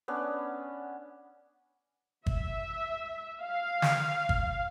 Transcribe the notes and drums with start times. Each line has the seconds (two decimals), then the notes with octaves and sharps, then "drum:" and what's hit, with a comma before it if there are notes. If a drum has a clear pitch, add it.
0.08 B3 C#4 D4
2.26 E5, drum: kick G1
3.42 F5
3.82 drum: snare
4.29 drum: kick G1